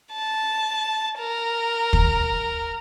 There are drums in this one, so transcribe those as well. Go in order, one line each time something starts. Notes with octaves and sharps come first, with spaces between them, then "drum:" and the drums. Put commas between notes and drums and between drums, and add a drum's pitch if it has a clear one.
A5
A#4
drum: kick